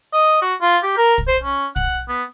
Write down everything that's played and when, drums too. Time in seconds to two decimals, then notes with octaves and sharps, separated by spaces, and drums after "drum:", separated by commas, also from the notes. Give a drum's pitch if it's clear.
0.13 D#5
0.42 F#4
0.62 F4
0.83 G4
0.98 A#4
1.18 drum: kick
1.28 C5
1.43 C#4
1.76 F#5, drum: kick
2.09 B3